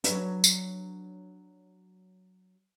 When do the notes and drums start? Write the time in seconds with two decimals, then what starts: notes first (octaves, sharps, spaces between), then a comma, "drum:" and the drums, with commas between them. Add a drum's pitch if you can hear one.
0.04 F#3 D4 B4, drum: hi-hat
0.44 drum: tambourine